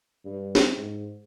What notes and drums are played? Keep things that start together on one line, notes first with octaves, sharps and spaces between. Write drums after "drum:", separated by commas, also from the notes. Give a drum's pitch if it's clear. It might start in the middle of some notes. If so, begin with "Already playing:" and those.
G2
drum: snare
G#2